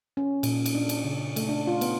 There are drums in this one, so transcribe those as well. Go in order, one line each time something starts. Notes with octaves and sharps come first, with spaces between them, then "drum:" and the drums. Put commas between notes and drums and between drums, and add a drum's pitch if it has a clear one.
C#4
A#2, drum: cymbal
drum: cymbal
D4
drum: cymbal
C#3
A3, drum: cymbal
D4
F4
B3, drum: cymbal